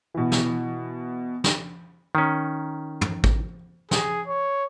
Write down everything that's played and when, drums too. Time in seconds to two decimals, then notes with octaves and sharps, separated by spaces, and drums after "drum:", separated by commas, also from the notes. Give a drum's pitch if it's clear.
0.14 B2 E3
0.32 drum: snare
1.44 drum: snare
2.15 D#3 C#4
3.01 drum: tom
3.24 drum: kick
3.91 G#4, drum: snare
4.27 C#5